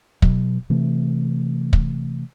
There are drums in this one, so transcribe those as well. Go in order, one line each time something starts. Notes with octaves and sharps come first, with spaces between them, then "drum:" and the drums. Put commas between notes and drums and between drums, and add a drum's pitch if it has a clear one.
B2 F#3, drum: kick
C3 E3 A3
drum: kick